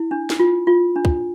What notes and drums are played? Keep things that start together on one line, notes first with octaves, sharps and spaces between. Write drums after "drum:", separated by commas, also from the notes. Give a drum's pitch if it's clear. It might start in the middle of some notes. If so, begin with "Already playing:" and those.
Already playing: E4
D4
drum: snare
F4
F4
D4
drum: kick